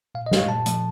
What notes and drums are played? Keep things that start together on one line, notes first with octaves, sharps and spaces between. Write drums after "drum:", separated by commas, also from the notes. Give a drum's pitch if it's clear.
A#2 F5
D#5
A3, drum: snare
F5
A#2 A5
F3 A3, drum: hi-hat